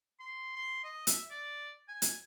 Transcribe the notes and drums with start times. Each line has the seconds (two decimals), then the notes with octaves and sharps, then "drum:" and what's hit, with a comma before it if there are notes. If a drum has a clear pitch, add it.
0.19 C6
0.56 C6
0.84 D#5
1.07 E5, drum: hi-hat
1.30 D5
1.88 G#5
2.02 drum: hi-hat